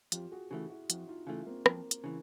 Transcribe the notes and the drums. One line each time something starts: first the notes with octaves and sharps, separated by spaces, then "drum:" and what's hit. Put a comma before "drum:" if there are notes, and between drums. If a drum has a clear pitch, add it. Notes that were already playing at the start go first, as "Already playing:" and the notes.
F2 F4 G4, drum: hi-hat
F#4 G#4
G4
C#3 E3 A3 F#4 G#4
E4 F#4
F2 E4 F#4, drum: hi-hat
D#4 F4
C#3 E3 A3 D#4 F4
A#3 C4
F2 A#3 C4, drum: rim click
drum: hi-hat
C#3 E3